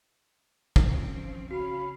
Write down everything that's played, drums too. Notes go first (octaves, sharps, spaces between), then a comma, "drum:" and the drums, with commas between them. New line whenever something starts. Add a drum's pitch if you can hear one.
drum: kick
F3 C4 C#4
C#3 C#4 F#4 C#5 F5 B5